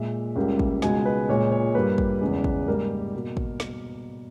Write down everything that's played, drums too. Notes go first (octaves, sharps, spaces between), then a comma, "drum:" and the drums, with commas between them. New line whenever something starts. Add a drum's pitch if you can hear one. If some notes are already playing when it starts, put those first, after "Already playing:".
Already playing: A#2 G#3 E5
C#2 C#3 G3 A#3
drum: kick
C#2 B2 G#3 G#5, drum: snare
B4
A#2 G#3 C#5
C#5
G2 G3 A#3 B4
drum: kick
E2 C#3 G#3
drum: kick
G#2 G3 A#3 A#4
B2 A#3
drum: kick
drum: snare